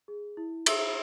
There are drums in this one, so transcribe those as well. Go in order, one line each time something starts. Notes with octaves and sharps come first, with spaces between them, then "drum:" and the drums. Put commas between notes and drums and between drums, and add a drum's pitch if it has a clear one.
G#4
E4
G#4 E5 E6, drum: cymbal